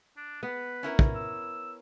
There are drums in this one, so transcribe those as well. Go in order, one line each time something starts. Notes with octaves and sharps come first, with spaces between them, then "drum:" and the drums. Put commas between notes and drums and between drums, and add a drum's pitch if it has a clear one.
D4
B3 B4
C#4 E4 A#4
drum: kick
E6